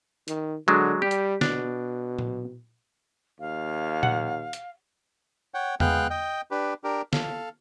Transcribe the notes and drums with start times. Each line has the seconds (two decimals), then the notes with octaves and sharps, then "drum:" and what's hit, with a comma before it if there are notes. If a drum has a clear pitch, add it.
0.28 D#3, drum: hi-hat
0.68 D3 F#3 G#3 D4
1.02 G3 G4
1.11 drum: hi-hat
1.41 B2 D4, drum: snare
2.19 drum: tom A#2
3.40 D#2 F5
4.03 F#5, drum: tom A#2
4.53 drum: hi-hat
5.54 C#5 F#5 G5
5.80 G#3 B3 F5 G5 F#6, drum: tom E2
6.10 D#5 G5
6.51 D4 G4 B4
6.84 D4 G4 A#4
7.13 A4 F5, drum: snare